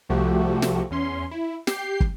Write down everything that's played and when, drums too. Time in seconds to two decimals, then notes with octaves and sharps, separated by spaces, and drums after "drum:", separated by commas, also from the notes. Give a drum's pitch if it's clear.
0.09 C2 F3 A3 F#4 G4
0.62 drum: snare
0.91 E2 C#4 C6
1.31 E4
1.67 G4 G6 C7, drum: snare
2.01 drum: kick